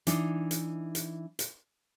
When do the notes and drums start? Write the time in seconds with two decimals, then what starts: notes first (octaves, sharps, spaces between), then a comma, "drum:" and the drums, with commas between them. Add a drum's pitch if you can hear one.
0.07 E3 D4 D#4, drum: hi-hat
0.51 drum: hi-hat
0.95 drum: hi-hat
1.39 drum: hi-hat